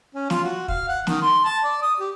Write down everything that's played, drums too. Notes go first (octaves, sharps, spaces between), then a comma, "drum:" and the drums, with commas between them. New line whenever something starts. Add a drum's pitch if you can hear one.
C#4
F4, drum: snare
F#4
F5, drum: kick
F#5
D#3, drum: snare
C6
A5
D5
D#6
G4